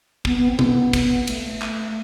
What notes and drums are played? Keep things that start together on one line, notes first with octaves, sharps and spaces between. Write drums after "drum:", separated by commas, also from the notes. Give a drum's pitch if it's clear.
B3, drum: kick
B3
C4
B3, drum: tom B2
drum: kick, cymbal
A3, drum: cymbal
drum: clap